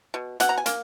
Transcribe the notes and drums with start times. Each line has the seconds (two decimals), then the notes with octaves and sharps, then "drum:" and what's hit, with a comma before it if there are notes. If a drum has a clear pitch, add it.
0.14 B2
0.40 B2 F#5, drum: hi-hat
0.49 A#5
0.58 G#5
0.66 A#3, drum: hi-hat